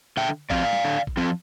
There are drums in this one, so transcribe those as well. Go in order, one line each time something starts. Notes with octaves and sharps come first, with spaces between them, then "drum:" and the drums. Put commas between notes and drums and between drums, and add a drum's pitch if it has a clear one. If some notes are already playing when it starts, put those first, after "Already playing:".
D3 E5 G5
F3 C4 D5 F5, drum: kick G#1
drum: snare
D3
drum: kick G#1
F3 C4